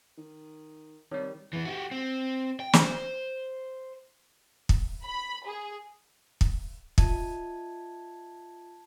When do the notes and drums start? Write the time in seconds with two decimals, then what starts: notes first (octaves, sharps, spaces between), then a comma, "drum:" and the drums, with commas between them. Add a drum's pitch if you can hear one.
0.18 D#3
1.11 C3 D#3 G3 C#5
1.53 E3 B3
1.65 F#4 G4
1.91 C4
2.60 G5
2.73 C5, drum: snare
4.69 drum: kick
5.04 B5
5.46 G#4
6.41 drum: kick
6.98 F4 D#5 E5 A5 G#6, drum: kick